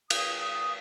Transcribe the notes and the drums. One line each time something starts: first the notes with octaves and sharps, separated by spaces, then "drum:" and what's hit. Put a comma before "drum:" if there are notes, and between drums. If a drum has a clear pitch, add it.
D#6, drum: cymbal